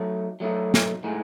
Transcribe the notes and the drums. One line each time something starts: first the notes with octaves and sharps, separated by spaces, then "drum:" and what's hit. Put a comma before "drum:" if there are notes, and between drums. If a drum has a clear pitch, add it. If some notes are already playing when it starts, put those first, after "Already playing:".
Already playing: F#3 A3 D#4
F#3 A3 D#4
drum: snare
A2 G#3 D#4